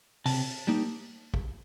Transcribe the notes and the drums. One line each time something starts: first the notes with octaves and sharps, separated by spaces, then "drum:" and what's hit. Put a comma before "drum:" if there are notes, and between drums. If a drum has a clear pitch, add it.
C3 A5, drum: open hi-hat
G3 A#3 D#4
drum: kick